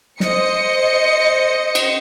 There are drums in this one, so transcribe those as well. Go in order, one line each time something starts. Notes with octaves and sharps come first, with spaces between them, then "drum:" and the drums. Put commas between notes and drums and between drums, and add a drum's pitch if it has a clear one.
C5 D#5 C#7, drum: snare
drum: cymbal